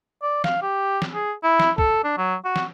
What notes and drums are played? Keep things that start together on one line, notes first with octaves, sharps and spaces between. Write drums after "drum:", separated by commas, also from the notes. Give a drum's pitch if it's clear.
D5
F5, drum: snare
G4
drum: snare
G#4
E4
drum: snare
A4, drum: kick
D4
F#3
F#4
drum: snare